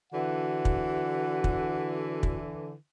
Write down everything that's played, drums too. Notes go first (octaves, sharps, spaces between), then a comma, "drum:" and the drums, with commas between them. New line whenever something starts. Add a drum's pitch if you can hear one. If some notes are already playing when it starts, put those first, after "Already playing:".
D3 E3 F#4 F#5
drum: kick
drum: kick
drum: kick